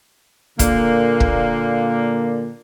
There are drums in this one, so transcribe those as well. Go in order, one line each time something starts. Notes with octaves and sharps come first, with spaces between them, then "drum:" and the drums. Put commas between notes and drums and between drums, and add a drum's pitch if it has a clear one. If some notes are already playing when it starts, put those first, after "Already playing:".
A#2 D3 A#3, drum: kick, hi-hat
drum: kick